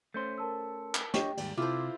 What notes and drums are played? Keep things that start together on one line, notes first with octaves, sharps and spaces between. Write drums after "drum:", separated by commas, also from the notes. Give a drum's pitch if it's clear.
A3 C#4 C5 G6
A#4 A5 E6
drum: clap
D4 G4 C#5 D#5 G5, drum: snare
D#2 G#2 G3 D5, drum: cymbal
C3 E4 F4 A4 C5 D6